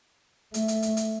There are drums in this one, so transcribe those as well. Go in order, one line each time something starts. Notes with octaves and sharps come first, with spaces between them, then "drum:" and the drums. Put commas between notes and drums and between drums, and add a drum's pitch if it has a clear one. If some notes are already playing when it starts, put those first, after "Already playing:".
A3, drum: hi-hat
drum: hi-hat
drum: hi-hat
drum: hi-hat